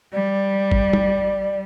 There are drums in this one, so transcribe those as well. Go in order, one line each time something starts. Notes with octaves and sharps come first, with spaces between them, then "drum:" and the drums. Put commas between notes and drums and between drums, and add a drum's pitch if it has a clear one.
G3 D5
drum: kick G#1
drum: tom